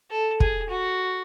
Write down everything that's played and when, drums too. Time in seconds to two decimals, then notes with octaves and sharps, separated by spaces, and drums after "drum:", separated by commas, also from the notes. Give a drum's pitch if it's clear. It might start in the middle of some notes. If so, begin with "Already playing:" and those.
0.11 A4
0.40 G#4, drum: kick
0.70 F#4